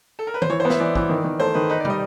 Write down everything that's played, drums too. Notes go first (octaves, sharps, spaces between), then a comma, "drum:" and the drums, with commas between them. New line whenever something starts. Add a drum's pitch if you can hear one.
A4
A#4
B4
C5, drum: tom D#3
E3 C#5
C5
B3
E5, drum: snare
E3 D5
E3, drum: kick
D#3
D#3
A3 C5
D#3 B4
D#4 B4
D5
G3 D#5, drum: tom